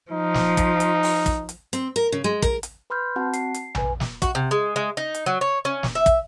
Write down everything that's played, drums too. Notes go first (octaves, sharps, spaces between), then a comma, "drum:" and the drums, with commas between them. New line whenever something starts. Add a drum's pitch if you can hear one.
F3 D#4
drum: snare
drum: kick, hi-hat
drum: hi-hat
drum: open hi-hat
drum: kick, hi-hat
drum: hi-hat
C4, drum: hi-hat
A#4
C#3
G#3
A#4, drum: kick, hi-hat
drum: hi-hat
B4 B5 C6 F6 G6
C4 F#4 F#5 A5
C7, drum: hi-hat
drum: hi-hat
B4 G#5, drum: tom A#1
drum: snare
F#4, drum: kick, hi-hat
C3
G#3
G#3
D#4
drum: hi-hat
F#3
C#5
C#4
drum: snare
E5
drum: kick, hi-hat